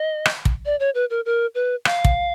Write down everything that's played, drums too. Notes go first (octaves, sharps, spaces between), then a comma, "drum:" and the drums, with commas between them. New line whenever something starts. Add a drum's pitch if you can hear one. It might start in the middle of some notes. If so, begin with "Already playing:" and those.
Already playing: D#5
drum: rim click
drum: kick
D5
C#5
B4
A#4
A#4
B4
F5, drum: rim click
drum: kick